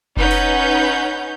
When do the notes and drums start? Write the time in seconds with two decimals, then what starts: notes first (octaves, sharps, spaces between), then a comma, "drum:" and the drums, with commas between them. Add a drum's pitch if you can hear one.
0.17 C#4 D#4 B4 F#5 G6, drum: kick F1
0.31 drum: open hi-hat